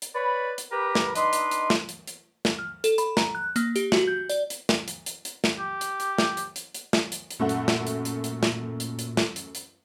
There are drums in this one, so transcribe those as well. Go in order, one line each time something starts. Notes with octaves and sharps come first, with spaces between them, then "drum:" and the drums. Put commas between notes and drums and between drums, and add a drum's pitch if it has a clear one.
drum: hi-hat
B4 C#5 D5 B5
drum: hi-hat
G4 A#4 B4
drum: snare
D4 D#4 B4 D#5 C6, drum: hi-hat
drum: hi-hat
drum: hi-hat
drum: snare
drum: hi-hat
drum: hi-hat
drum: snare
F6
A4, drum: hi-hat
B5, drum: hi-hat
A#5, drum: snare
F#6
A#3, drum: hi-hat
G4, drum: hi-hat
F#4, drum: snare
G6
D5, drum: hi-hat
drum: hi-hat
drum: snare
drum: hi-hat
drum: hi-hat
drum: hi-hat
drum: snare
G4
drum: hi-hat
drum: hi-hat
drum: snare
drum: hi-hat
drum: hi-hat
drum: hi-hat
drum: snare
drum: hi-hat
drum: hi-hat
F#2 A#2 A3 F#5
drum: hi-hat
drum: snare
drum: hi-hat
drum: hi-hat
drum: hi-hat
drum: snare
drum: hi-hat
drum: hi-hat
drum: snare
drum: hi-hat
drum: hi-hat